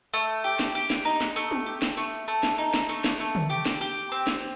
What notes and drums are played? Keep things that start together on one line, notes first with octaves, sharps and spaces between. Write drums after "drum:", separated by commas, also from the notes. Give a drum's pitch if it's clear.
A3
G4
drum: snare
G4
drum: snare
D#4
drum: snare
A3
drum: tom
G4
drum: snare
A3
A3
drum: snare
D#4
drum: snare
A3
drum: snare
A3
drum: tom
G4
drum: snare
G4
C4
drum: snare